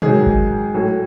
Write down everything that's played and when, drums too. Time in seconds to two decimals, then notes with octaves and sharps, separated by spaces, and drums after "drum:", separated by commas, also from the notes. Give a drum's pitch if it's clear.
0.02 G#2 D#3 F#3 G#4, drum: tom
0.26 drum: kick G1
0.74 A2 F#3